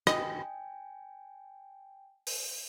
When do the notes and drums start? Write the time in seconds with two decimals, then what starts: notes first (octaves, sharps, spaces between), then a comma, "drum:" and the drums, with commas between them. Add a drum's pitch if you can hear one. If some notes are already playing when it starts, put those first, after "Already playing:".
0.07 D#5 G5 G#5, drum: rim click
2.27 drum: open hi-hat